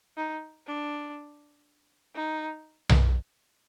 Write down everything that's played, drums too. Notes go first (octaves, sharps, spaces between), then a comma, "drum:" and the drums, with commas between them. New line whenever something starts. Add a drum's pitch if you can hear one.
D#4
D4
D#4
drum: tom B1